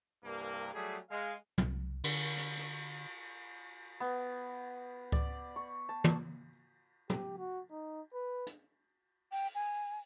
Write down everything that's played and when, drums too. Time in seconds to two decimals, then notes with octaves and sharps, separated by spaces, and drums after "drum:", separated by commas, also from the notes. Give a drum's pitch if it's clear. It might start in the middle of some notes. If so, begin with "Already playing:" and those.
0.25 C2 G2 A#3
0.73 F#3 G3 A3 G#4
1.11 G#3 F5
1.58 C2, drum: tom
2.04 D3, drum: cymbal
2.37 drum: hi-hat
2.57 drum: hi-hat
4.00 B3
5.12 D5, drum: kick C#2
5.56 C#6
5.89 A5
6.04 drum: tom
7.10 G4, drum: tom
7.38 F#4
7.71 D#4
8.13 B4
8.47 drum: hi-hat
9.32 G5, drum: open hi-hat
9.55 G#5